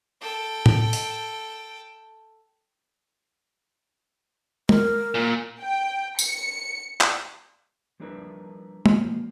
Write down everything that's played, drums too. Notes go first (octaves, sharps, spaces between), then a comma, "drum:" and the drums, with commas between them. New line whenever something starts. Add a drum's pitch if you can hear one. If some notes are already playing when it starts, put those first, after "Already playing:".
A4 G5
drum: tom A2
drum: open hi-hat
A#4, drum: tom G#3
A#2
G5
C#7, drum: tambourine
drum: clap
F3 G3 D4 E4 A#4 B4
B2 F3 A#3, drum: tom G#3